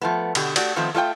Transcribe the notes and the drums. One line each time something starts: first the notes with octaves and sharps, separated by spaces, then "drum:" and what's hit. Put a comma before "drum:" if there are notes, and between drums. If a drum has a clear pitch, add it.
F3 A3 B3
B2 D3 G4, drum: cymbal
A3 F#4 G4 D5, drum: cymbal
D#3 F3 A3 B3 C4
A3 F4 D#5 G5